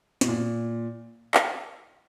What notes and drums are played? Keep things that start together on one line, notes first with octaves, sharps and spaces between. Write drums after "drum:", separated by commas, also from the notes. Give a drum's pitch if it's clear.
B2, drum: snare
A#2
drum: clap